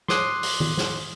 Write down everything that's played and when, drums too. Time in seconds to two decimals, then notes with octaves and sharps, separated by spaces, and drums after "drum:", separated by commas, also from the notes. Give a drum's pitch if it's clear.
0.08 C6 D6 D#6 F#6 C7, drum: snare
0.43 drum: open hi-hat
0.60 drum: tom D#3
0.77 drum: snare